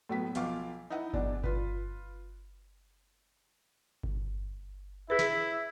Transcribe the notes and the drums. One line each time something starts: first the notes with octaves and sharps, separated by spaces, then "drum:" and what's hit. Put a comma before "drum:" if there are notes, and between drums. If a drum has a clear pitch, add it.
A2 F#3 B3 B6
B1 F3 F5 D6, drum: hi-hat
D#4 E4 D#5 F#5
B1 D4 D5, drum: kick G1
F4 B4, drum: kick G1
drum: kick G1
E4 G#4 B4 E5
drum: snare